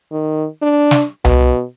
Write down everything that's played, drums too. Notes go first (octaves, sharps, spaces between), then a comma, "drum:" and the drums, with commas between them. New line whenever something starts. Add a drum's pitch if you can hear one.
D#3
D4
drum: snare
B2, drum: tom C2